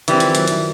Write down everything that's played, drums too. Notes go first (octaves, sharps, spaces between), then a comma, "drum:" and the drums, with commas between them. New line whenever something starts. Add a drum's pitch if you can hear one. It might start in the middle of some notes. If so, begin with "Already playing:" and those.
D#3 E3 G3 C4, drum: hi-hat
F3, drum: hi-hat
F#3, drum: hi-hat
D#3
E3, drum: hi-hat